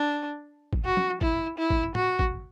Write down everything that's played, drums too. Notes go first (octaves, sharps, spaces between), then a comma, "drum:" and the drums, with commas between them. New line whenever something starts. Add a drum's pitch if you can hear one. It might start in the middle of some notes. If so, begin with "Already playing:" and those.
Already playing: D4
drum: kick
F#4
drum: tom
E4, drum: kick
E4
drum: kick
F#4, drum: tom
drum: kick